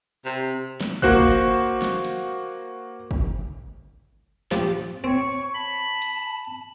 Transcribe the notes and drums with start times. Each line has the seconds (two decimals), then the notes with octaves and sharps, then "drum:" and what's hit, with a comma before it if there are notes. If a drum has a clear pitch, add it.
0.25 C3
0.81 drum: snare
1.02 A#3 F#4 C5 F#6, drum: kick
1.19 drum: kick
1.82 drum: snare
2.04 drum: cymbal
3.11 drum: kick
4.51 F3 G4, drum: snare
5.04 C4 C#5 C#6
5.54 A5 B5
6.02 drum: hi-hat